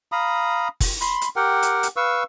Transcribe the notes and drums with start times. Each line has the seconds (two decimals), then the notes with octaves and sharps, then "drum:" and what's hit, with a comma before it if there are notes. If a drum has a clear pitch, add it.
0.12 F5 A#5 B5 D#6
0.80 drum: kick, open hi-hat
1.01 B5 C6, drum: hi-hat
1.21 drum: hi-hat
1.36 G4 A#4 F#5 G5
1.63 drum: hi-hat
1.83 drum: hi-hat
1.96 B4 F5 C#6 E6